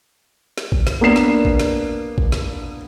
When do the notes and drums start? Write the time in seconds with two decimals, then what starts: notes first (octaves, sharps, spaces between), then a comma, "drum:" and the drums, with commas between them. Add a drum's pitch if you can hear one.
0.58 drum: snare
0.72 drum: kick
0.87 drum: snare
1.01 A#3 B3 D4 C7 E7
1.16 drum: snare
1.45 drum: kick
1.59 drum: snare
2.18 drum: kick
2.32 drum: snare